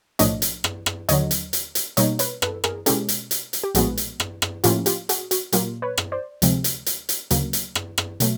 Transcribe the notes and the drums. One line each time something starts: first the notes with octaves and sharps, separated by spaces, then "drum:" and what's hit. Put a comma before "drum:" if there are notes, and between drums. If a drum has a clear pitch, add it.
B1 A2 F3 A3 D4 C#5 D#5, drum: hi-hat
drum: hi-hat
drum: rim click
drum: rim click
D#2 D3 F#3 C#5 D#5, drum: hi-hat
drum: hi-hat
drum: hi-hat
drum: hi-hat
B2 G3 A#3 D#4 C#5 D#5, drum: hi-hat
B4 C#5, drum: hi-hat
A4 B4, drum: rim click
G#4 A#4, drum: rim click
B2 G#3 C#4 E4 G4 A4, drum: hi-hat
drum: hi-hat
drum: hi-hat
drum: hi-hat
G4
A#1 A2 F3 G#3 B3 F#4 G#4, drum: hi-hat
drum: hi-hat
drum: rim click
drum: rim click
A2 F3 A#3 C#4 E4 F4 G4, drum: hi-hat
F4 G4, drum: hi-hat
F#4 G#4, drum: hi-hat
F#4, drum: hi-hat
A#2 F#3 A#3 F4 G4, drum: hi-hat
B4 C#5
drum: rim click
C5 D5
D2 C3 F3 G#3 C4, drum: hi-hat
drum: hi-hat
drum: hi-hat
drum: hi-hat
D2 C#3 F#3 A#3, drum: hi-hat
drum: hi-hat
drum: rim click
drum: rim click
B2 F#3 A3, drum: hi-hat